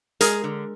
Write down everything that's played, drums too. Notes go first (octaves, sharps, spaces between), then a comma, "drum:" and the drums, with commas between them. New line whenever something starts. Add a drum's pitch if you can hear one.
G#3 G#4 A#4, drum: hi-hat
D3